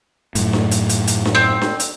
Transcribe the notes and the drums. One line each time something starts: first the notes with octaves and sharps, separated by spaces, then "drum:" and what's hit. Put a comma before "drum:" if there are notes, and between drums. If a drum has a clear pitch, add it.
F#2 A2, drum: hi-hat
drum: snare D4
drum: hi-hat
drum: hi-hat
drum: hi-hat
drum: snare D4
C4
drum: snare D4
drum: hi-hat